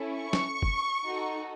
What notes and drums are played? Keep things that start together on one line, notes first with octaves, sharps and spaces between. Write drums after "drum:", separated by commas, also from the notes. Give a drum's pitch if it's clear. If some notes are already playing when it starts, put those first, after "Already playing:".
Already playing: C#4 E4 A4
C#6
drum: snare
drum: kick
D#4 F#4 A4